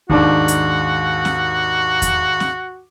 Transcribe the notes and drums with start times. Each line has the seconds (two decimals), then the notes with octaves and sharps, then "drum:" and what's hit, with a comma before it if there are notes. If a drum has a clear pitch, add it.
0.10 D#2 G#2 D4 F#4, drum: kick E2
0.48 drum: hi-hat
1.25 drum: snare
2.02 drum: kick E2, hi-hat
2.40 drum: snare